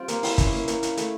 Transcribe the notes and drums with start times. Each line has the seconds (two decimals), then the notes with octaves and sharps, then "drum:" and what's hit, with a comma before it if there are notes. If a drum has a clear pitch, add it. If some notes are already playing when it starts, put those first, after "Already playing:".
Already playing: G3 C4 F4
0.08 A#3, drum: hi-hat
0.23 E4, drum: open hi-hat
0.38 C#4, drum: kick, hi-hat
0.53 A#3
0.68 A#3, drum: hi-hat
0.83 E4, drum: hi-hat
0.97 A3, drum: hi-hat